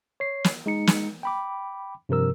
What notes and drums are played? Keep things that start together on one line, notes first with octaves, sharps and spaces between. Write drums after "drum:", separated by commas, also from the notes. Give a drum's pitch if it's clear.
C#5 C7
drum: snare
G#3 D#4 C#7
drum: snare
G5 B5 D6
G2 C3 F3 A#4 E6